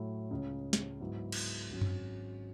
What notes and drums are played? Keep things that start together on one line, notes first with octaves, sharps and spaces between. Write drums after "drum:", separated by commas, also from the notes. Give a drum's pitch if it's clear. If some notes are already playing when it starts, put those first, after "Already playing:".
Already playing: A2 F#3 A3 E4
C#2 C#3 G#3
drum: snare
G#2 F#3 B3 E4
drum: cymbal
G#1 G#2 F#3 C#4
drum: tom F#2